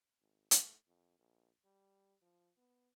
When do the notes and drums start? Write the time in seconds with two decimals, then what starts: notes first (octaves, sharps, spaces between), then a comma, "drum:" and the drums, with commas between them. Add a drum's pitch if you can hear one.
0.21 G#1
0.51 A3, drum: hi-hat
0.88 F2
1.19 A#1
1.65 G3
2.22 F3
2.57 B3